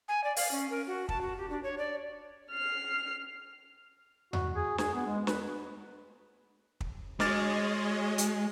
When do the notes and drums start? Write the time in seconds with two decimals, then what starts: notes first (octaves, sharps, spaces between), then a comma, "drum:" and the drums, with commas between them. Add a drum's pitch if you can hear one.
0.08 G#5
0.24 D5
0.36 F5, drum: open hi-hat
0.51 C#4
0.70 A#4
0.87 F#4
1.09 A5, drum: kick
1.21 F#4
1.37 G4
1.50 D4
1.63 C#5
1.78 D5
2.51 F6 C7
4.33 F#4, drum: tom E2
4.56 G#4
4.78 G#4, drum: snare
4.94 B3
5.06 G#3
5.27 B4, drum: snare
6.81 drum: kick
7.20 G#3 F#4 C#5 D#5 D6 F6 A6, drum: snare
8.18 drum: hi-hat